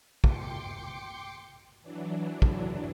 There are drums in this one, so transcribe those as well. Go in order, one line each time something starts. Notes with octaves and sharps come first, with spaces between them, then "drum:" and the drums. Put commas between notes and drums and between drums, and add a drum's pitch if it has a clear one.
G5 C6 D6 C#7, drum: kick
E3 F#3 D4
drum: kick